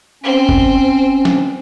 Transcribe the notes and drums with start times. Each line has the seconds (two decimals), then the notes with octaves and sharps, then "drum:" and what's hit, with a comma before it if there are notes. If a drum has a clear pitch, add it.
0.23 C4 C#4
0.49 drum: kick F#1
1.25 drum: snare